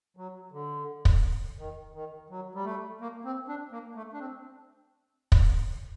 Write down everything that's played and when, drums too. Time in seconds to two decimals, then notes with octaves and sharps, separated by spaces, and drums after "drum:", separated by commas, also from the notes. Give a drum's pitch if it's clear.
0.17 F#3
0.52 D3
1.05 drum: kick
1.58 D#3
1.94 D#3
2.30 F#3
2.55 G3
2.65 A3
3.01 A#3
3.25 C4
3.48 D4
3.71 A#3
3.95 A3
4.13 D4
4.19 C4
5.32 drum: kick